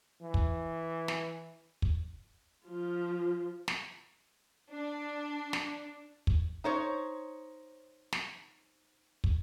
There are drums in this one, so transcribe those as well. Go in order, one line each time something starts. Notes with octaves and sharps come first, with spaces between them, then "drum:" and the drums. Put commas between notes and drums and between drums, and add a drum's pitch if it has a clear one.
E3
drum: kick
drum: snare
drum: kick
F3 F4
drum: snare
D4
drum: snare
drum: kick
D#4 C5 C#5
drum: snare
drum: kick